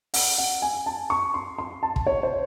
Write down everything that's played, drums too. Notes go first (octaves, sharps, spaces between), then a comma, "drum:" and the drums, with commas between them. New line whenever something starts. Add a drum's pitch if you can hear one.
F#5, drum: open hi-hat
F#5
G#5
A5
C#6
C6
C6
A5
drum: kick
C#5
C5